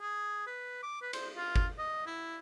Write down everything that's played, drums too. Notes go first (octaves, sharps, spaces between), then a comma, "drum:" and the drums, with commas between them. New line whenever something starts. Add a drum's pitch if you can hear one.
G#4
B4
D6
B4
C5, drum: cymbal
F4
drum: kick G1
D#5
E4